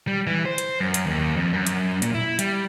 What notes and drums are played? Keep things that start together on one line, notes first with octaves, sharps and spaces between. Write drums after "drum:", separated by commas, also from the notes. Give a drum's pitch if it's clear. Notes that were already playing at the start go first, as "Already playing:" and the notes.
G3
E3
C5
drum: hi-hat
F#2
drum: hi-hat
D#2
F2
F#2
drum: hi-hat
A#2, drum: hi-hat
E4
G3, drum: hi-hat